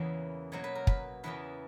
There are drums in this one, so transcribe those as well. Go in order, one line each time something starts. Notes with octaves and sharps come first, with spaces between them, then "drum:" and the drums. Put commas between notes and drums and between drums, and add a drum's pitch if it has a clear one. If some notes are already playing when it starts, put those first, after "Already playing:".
Already playing: E2 C#3 E3 A#3 B4
B2 F#3 A#3 C#5
B4
A#4
B4, drum: kick
E2 C#3 E3 B4